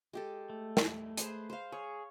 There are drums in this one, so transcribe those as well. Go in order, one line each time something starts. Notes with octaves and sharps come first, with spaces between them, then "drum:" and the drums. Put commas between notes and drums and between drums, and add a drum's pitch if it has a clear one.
G#3 G4 A4
A3
drum: snare
G#4 B4 C5, drum: hi-hat
C5 F5
G#4 C#5